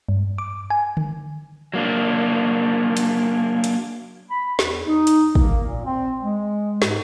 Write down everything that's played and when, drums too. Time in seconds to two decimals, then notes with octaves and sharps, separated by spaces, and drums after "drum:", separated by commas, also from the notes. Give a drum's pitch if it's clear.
0.09 G2
0.38 D6
0.70 G#5
0.97 drum: tom D3
1.74 F#3 A#3 D4
2.97 drum: hi-hat
3.64 drum: hi-hat
4.30 B5
4.59 E2, drum: snare
4.85 D#4
5.07 drum: hi-hat
5.35 A#3, drum: kick
5.66 A#2
5.85 C4
6.21 G#3
6.82 G#2, drum: snare